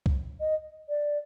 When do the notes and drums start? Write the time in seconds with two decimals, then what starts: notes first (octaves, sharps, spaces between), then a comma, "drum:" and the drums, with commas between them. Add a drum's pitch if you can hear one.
0.06 drum: kick C2
0.40 D#5
0.89 D5